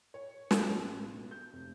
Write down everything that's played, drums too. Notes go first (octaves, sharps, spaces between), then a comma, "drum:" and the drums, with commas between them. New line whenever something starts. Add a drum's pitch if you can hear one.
C#5
G#3, drum: snare
A1
B1
G6
F1